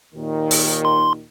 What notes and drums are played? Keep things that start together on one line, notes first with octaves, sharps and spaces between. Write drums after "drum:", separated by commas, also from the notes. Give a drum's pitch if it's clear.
D#2 A#2 D#3
drum: open hi-hat
C6